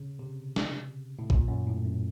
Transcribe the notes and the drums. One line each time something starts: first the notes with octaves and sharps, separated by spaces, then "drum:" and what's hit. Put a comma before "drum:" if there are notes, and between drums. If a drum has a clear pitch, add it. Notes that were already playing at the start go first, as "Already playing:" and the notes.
Already playing: C#3
C3
drum: snare
A2
A#2, drum: kick A1
F#2
A2
F#2